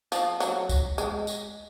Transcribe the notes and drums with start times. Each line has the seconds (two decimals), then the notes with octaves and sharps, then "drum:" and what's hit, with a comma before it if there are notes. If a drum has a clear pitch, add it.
0.12 F3, drum: tambourine
0.40 F#3, drum: tambourine
0.69 drum: kick, tambourine
0.98 G#3, drum: tambourine
1.27 drum: tambourine